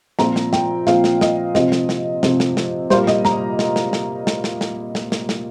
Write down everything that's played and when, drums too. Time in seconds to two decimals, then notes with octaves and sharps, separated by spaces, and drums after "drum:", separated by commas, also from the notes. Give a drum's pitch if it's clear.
0.19 A#2 F3 C4 A#5, drum: snare
0.36 drum: snare
0.53 G5, drum: snare
0.87 A#2 F3 C4 F5, drum: snare
1.04 drum: snare
1.21 D#5, drum: snare
1.55 C3 F3 C4 D#5, drum: snare
1.72 drum: snare
1.89 drum: snare
2.23 C3 F3 C4, drum: snare
2.40 drum: snare
2.57 drum: snare
2.90 A#2 G3 A#3 C5, drum: snare
3.07 D#5, drum: snare
3.25 A#5, drum: snare
3.59 drum: snare
3.76 drum: snare
3.93 drum: snare
4.27 drum: snare
4.44 drum: snare
4.61 drum: snare
4.95 drum: snare
5.12 drum: snare
5.29 drum: snare